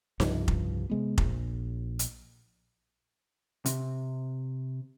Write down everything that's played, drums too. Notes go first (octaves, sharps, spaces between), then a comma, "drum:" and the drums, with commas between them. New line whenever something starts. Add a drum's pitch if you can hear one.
C2 G2 C#3 F3, drum: snare D#4
drum: kick F1
C3 G#3 B3
A#1, drum: kick F1
drum: hi-hat
C3, drum: hi-hat